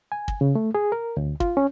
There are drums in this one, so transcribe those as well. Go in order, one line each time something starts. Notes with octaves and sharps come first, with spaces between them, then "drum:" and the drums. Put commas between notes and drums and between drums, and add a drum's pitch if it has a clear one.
G#5
drum: kick
C#3
A3
G#4
A#4
D2
F4, drum: kick
C#4